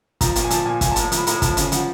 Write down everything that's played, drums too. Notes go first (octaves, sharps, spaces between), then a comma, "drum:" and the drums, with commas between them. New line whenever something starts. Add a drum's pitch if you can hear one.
F3 A#5, drum: kick, hi-hat
A#2, drum: hi-hat
G#5
F3 A5, drum: hi-hat
A#2 G#5
F3 G#5, drum: kick, hi-hat
A5
A2 A#5, drum: hi-hat
F3, drum: hi-hat
B5
A2 A#5, drum: hi-hat
F3 A5, drum: kick, hi-hat
C#3, drum: hi-hat
F3 F#5, drum: hi-hat